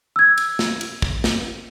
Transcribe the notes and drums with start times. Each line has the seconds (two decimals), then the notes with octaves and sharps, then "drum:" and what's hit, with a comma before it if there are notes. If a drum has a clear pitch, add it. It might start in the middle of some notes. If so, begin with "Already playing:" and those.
0.16 E6 G#6
0.37 drum: cymbal
0.59 drum: snare
0.81 drum: cymbal
1.02 drum: kick
1.24 drum: snare